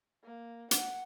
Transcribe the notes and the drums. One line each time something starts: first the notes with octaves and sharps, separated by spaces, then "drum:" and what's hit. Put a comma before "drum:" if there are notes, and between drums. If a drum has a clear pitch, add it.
A#3
F#5, drum: hi-hat